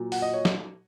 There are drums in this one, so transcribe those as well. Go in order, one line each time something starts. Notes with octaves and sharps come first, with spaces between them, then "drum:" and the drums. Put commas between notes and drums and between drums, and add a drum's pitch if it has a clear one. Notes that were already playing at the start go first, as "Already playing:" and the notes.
Already playing: A#2 F#3
F#5, drum: open hi-hat
D#5
C#5
drum: snare